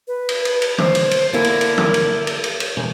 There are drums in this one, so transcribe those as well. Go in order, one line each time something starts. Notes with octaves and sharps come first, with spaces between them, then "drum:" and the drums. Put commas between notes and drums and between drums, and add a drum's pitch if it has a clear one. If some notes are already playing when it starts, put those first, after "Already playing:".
B4
drum: cymbal
drum: cymbal
drum: cymbal
C5, drum: tom
drum: cymbal
drum: cymbal
D3 A#3 E4 A#4
drum: cymbal
drum: cymbal
drum: tom
drum: cymbal
drum: cymbal
drum: cymbal
drum: cymbal
drum: tom